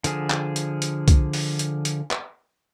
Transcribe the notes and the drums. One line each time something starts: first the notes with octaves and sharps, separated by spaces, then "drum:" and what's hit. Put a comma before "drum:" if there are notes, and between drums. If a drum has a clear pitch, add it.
D3 F3 G#4, drum: hi-hat
drum: clap
drum: hi-hat
drum: hi-hat
drum: kick, hi-hat
drum: open hi-hat
drum: hi-hat
drum: hi-hat
drum: clap